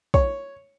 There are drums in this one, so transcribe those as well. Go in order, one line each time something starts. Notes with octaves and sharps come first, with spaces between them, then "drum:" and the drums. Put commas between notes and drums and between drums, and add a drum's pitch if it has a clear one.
C#5, drum: kick